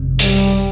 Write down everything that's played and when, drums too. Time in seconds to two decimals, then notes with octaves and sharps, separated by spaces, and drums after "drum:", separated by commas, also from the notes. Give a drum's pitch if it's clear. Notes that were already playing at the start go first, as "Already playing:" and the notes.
Already playing: G1 F2 C3
0.19 G3, drum: hi-hat